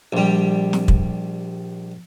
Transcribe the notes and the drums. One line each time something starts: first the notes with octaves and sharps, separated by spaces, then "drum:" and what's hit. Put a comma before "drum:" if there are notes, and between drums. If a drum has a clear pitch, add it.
A#1 G3
drum: snare
drum: kick